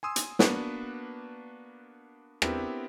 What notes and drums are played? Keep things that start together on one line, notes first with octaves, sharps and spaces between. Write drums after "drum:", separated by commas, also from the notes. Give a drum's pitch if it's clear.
G#5 C6 D#6 E6
drum: hi-hat
A#3 B3 D4 F#4 B4, drum: snare
B3 C4 D4 E4 G4 A#4, drum: rim click